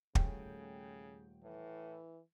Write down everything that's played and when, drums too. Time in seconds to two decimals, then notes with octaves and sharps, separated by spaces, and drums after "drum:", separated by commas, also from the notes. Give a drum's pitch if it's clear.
0.15 D#1 C#3 A3 C#4 G5, drum: kick
1.43 A2 E3